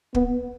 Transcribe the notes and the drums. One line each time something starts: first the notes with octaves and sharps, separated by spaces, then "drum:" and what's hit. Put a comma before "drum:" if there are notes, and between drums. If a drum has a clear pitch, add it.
B3, drum: kick